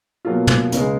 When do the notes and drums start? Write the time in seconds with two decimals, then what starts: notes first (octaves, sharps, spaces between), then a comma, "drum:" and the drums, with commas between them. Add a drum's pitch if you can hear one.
0.25 B2 F#3 A#3 F4
0.47 drum: tom
0.72 C#2 C#3 G#3, drum: hi-hat